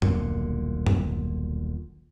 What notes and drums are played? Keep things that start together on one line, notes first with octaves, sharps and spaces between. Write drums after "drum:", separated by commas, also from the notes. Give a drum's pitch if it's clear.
D#1 B1 A#2 D3, drum: tom F#2
drum: tom F#2